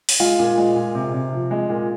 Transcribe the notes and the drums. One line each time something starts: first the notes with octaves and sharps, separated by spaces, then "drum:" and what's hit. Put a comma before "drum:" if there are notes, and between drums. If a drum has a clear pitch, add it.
drum: open hi-hat
G#3 F4
A#2
G#3
A#2
C3
C3
F3
G#3
A#2